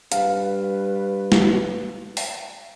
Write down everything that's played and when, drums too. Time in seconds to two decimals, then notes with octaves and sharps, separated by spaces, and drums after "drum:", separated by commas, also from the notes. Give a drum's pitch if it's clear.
0.12 G2 B4 F5, drum: hi-hat
1.32 drum: snare
2.17 drum: open hi-hat